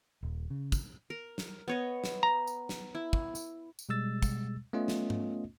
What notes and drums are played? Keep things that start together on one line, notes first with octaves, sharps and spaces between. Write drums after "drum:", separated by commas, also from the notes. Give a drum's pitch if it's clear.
D#1
C#3
drum: kick, tambourine
A#4
drum: snare
B3 C#5 D#5
drum: snare
A#5
drum: tambourine
drum: snare
E4
drum: kick
drum: tambourine
drum: tambourine
B2 G3 G#3 E6 A6
drum: kick, tambourine
A3 B3 C#4 F4 D#5
drum: snare
drum: tom G#2